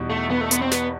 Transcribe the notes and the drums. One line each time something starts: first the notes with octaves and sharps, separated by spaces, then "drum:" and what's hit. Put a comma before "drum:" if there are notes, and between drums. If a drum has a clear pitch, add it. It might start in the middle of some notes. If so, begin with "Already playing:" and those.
Already playing: E2 B2 G3 D#4
A3
B3
A3
B3, drum: hi-hat
C4
B3, drum: snare